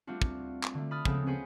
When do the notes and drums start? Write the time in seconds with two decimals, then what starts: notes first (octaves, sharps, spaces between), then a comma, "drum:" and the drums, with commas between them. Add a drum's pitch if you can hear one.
0.07 G3 A3 C4 D4 F4 F#4
0.22 drum: kick
0.63 drum: clap
0.74 D3 A3
0.91 B5 D#6 F6 A6
1.05 C#3 F3 G#3 B3 C4 A4, drum: kick
1.26 C4 C#4 F#4 G#4 B4 C5